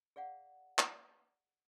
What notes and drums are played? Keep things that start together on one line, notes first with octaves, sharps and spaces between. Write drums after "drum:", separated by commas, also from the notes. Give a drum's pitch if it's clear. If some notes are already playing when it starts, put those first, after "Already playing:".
G#4 D5 F5 F#5
drum: clap